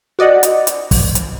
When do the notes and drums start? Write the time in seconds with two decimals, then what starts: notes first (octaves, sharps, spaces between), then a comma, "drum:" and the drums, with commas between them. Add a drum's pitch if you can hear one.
0.19 F#4 D5 D#5 F#5
0.43 drum: hi-hat
0.67 drum: hi-hat
0.91 drum: kick, open hi-hat
1.15 drum: hi-hat